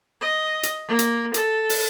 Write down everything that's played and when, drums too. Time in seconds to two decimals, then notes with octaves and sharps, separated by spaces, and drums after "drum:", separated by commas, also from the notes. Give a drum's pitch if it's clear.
0.21 D#5
0.63 drum: hi-hat
0.88 A#3
0.99 drum: hi-hat
1.34 A4, drum: hi-hat
1.69 drum: open hi-hat